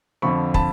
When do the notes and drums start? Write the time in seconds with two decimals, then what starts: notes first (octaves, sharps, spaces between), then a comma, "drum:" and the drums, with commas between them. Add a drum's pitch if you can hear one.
0.22 F2 D3 F3 B5 C#6
0.54 A5 B5, drum: kick